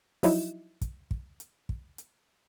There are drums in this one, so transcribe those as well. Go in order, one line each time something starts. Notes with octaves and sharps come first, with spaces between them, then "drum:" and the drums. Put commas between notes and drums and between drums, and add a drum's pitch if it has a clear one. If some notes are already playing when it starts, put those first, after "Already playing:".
F3 F#3 D#4 E4, drum: open hi-hat
drum: kick, hi-hat
drum: kick
drum: hi-hat
drum: kick
drum: hi-hat